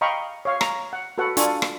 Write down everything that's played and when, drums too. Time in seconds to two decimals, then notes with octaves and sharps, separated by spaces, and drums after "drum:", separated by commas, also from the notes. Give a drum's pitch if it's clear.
0.01 D#5 F5 G5 A#5 B5 C#6
0.45 C#5 F5
0.61 A#5, drum: rim click
0.93 F#5
1.18 F#4 A4 B4 F#5
1.37 D4 F4 A4 G#5 C#6, drum: hi-hat
1.62 drum: rim click